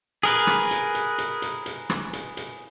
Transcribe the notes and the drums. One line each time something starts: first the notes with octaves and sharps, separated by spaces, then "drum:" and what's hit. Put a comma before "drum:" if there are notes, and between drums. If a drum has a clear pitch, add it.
G#4 A#4 B4, drum: hi-hat
drum: rim click
drum: hi-hat
drum: hi-hat
drum: hi-hat
drum: hi-hat
drum: hi-hat
drum: rim click
drum: hi-hat
drum: hi-hat